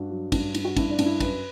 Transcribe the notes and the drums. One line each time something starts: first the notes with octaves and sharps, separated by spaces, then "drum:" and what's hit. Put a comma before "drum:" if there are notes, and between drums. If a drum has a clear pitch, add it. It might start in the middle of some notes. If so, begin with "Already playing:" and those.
Already playing: G2 F#4
F#3
G2, drum: kick, cymbal
G2, drum: cymbal
F#4
G2 E4, drum: kick, cymbal
D4
G2, drum: cymbal
E4
F#2 B4, drum: kick, cymbal